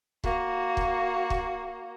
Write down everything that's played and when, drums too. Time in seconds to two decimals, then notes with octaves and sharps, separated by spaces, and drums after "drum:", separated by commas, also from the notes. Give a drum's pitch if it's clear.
0.24 A#3 F#4, drum: kick
0.77 drum: kick
1.30 drum: kick